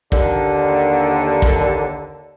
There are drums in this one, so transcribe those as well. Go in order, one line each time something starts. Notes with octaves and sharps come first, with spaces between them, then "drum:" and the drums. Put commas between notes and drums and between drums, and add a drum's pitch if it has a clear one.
D#2 D3, drum: kick
drum: kick